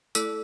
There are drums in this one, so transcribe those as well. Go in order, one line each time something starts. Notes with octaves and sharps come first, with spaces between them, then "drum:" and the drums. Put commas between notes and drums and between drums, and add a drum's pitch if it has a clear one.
A3 E4 A4 E6, drum: tambourine